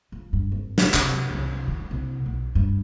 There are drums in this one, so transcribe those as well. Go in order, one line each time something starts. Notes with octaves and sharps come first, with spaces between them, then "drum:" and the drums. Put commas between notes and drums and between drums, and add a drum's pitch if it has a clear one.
F3
G2
G#1
drum: snare
C3, drum: clap
C2
D#3
C2
B1
G2